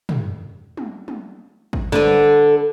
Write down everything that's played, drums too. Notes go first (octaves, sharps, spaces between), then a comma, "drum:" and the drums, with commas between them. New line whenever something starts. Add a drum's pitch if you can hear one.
drum: tom
drum: tom
drum: tom
drum: kick
D3 B4, drum: snare